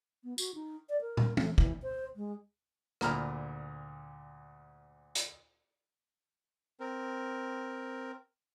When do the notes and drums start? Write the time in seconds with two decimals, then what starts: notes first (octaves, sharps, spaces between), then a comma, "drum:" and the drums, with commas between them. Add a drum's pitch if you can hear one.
0.24 B3
0.38 F#4, drum: tambourine
0.55 D#4
0.89 D5
1.01 A#4
1.17 drum: tom
1.37 A3, drum: tom
1.58 E3, drum: kick
1.82 C5
2.16 G#3
3.01 D2 A#2 A#5 B5 F6, drum: rim click
5.15 drum: hi-hat
6.80 C4 A#4